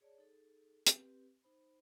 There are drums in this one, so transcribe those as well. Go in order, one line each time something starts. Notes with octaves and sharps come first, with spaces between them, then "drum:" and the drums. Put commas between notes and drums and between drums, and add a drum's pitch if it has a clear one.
G#4 C#5 D5 A5
D#4 G#4 A4
C4 G4 B4, drum: hi-hat
D#4 C5 B5